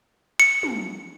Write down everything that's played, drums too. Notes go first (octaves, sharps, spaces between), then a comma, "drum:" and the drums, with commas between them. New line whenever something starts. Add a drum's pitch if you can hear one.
C#7
drum: tom